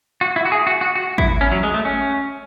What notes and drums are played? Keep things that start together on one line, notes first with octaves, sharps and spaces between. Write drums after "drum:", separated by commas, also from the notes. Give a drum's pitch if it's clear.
F#4
E4
F#4
G#4
F#4
F#4
F#4
E4, drum: kick
C#4
F#3
G#3
A3
C#4